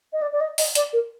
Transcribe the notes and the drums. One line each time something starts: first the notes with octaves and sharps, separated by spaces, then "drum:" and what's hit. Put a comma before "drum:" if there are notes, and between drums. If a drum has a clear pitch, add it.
D#5
D5
D5
D#5
D#5, drum: open hi-hat
D5, drum: hi-hat
A#4